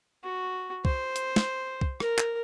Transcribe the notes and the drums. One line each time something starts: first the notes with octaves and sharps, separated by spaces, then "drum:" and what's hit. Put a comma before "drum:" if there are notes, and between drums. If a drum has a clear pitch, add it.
F#4
C5, drum: kick
drum: hi-hat
drum: snare
drum: kick
A#4, drum: rim click
drum: clap